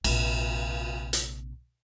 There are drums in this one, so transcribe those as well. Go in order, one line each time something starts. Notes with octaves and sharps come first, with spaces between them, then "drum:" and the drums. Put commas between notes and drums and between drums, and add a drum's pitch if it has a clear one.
A#1 C3, drum: cymbal
drum: hi-hat